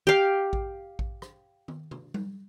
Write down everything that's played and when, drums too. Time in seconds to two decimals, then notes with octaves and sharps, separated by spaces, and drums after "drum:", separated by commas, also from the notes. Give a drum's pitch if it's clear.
0.07 G4 F5
0.53 drum: kick A1
0.99 drum: kick A1
1.22 drum: rim click
1.68 drum: tom D#3
1.91 drum: tom
2.14 drum: tom G3